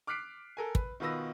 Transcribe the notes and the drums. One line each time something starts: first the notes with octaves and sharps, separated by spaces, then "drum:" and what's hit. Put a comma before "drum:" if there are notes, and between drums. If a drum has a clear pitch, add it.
D6 F6 F#6 B6 C7 D7
A4 A#4 G#5
B4, drum: kick
B2 D#3 F4 B4 E6 A#6